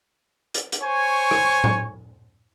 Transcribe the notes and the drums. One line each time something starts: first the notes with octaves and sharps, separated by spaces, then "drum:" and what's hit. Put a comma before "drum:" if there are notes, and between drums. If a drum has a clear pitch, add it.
drum: hi-hat
drum: hi-hat
C5 C#5 G#5 C#6
drum: rim click
drum: tom A2